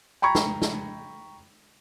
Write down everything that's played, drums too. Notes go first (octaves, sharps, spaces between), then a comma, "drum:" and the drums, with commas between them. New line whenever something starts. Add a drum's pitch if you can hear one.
G5 A#5 B5 C#6 G#6
drum: snare
drum: snare